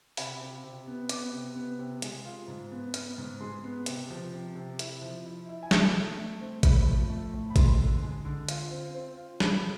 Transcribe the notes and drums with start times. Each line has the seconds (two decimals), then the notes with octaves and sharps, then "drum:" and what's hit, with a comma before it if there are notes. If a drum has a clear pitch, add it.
0.17 C3 B5, drum: open hi-hat
0.41 C3
0.64 C3
0.87 B3
1.09 B3 D6, drum: hi-hat
1.33 C3
1.56 B3
1.79 C3
2.02 G#3, drum: hi-hat
2.25 F4
2.48 G#2
2.71 B3
2.94 B3 F6, drum: hi-hat
3.18 G#2
3.40 G#3 C6
3.64 B3
3.86 C3, drum: hi-hat
4.10 F3
4.33 C3
4.55 C3
4.79 E4, drum: hi-hat
5.02 F3
5.26 E4
5.49 E4
5.63 G#5
5.71 A3 A5, drum: snare
5.95 A3
6.17 A3
6.41 C4
6.63 A3 B5, drum: kick A1, hi-hat
6.86 F3
7.10 A3
7.34 A2
7.50 B5
7.56 G#3 C6, drum: kick A1, hi-hat
7.79 D3
8.02 G#3
8.25 D3
8.49 F4, drum: hi-hat
8.71 C4
8.95 C4
9.17 F4
9.40 G#3 B5, drum: snare